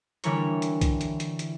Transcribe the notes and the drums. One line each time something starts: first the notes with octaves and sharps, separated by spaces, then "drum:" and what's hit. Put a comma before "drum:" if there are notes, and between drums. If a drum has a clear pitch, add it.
D3 E3 G3 E4 A#4 C#5, drum: hi-hat
drum: hi-hat
drum: kick, hi-hat
drum: hi-hat
drum: hi-hat
drum: hi-hat